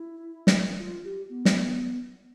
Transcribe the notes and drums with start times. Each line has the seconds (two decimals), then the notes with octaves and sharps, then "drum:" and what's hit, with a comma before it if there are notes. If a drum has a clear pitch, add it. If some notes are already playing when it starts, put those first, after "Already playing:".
Already playing: E4
0.47 drum: snare
0.79 F4
1.05 G4
1.29 B3
1.45 drum: snare